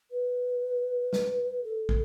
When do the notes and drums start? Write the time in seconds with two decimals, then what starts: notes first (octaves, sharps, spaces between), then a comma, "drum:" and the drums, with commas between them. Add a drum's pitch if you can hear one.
0.11 B4
1.13 drum: snare
1.64 A4
1.89 drum: kick